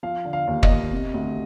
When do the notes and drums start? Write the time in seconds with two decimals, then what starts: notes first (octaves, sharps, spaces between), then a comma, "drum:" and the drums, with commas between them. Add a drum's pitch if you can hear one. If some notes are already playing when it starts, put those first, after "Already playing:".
0.03 F3 F5
0.25 D3
0.33 F5
0.47 D#2
0.63 D#5, drum: kick
0.69 D#2
0.92 C3
1.14 D2